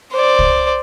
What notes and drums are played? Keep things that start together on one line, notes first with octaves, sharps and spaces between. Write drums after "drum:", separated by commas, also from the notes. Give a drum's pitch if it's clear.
C5 D5
drum: kick C2